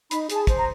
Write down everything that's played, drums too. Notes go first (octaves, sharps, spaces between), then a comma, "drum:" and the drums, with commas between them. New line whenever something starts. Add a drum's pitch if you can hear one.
D#4 B5, drum: hi-hat
G#4 A5, drum: hi-hat
C5, drum: kick, hi-hat
A#5